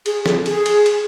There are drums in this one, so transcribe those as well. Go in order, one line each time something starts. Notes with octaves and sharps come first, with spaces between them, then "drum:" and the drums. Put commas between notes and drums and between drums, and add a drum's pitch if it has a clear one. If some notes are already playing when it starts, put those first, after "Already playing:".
G#4, drum: cymbal
A4, drum: snare
G#4, drum: cymbal
drum: cymbal
drum: cymbal